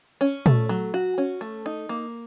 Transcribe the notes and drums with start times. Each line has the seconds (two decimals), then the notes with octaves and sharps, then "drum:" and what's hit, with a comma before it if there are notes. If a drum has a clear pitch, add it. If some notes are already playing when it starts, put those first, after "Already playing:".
0.21 C#4
0.46 A3, drum: tom A#2
0.69 F#3
0.94 F#4
1.18 C#4
1.41 A3
1.66 D#4
1.89 A#3